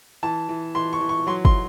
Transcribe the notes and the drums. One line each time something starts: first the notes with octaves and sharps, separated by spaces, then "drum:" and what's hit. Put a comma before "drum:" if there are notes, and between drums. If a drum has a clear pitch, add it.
E3 A5
E3
E3 C6
C#6
E3
C#6
F#3 C6
C6, drum: kick